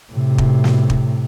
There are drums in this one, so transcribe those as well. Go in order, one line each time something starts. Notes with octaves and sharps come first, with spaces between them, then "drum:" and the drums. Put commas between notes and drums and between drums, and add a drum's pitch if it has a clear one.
A2 C3
drum: kick
drum: snare
drum: kick